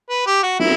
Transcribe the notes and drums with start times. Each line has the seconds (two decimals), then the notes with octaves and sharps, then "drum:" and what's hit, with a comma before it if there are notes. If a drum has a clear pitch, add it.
0.10 B4
0.26 G4
0.43 F#4
0.59 E4, drum: cymbal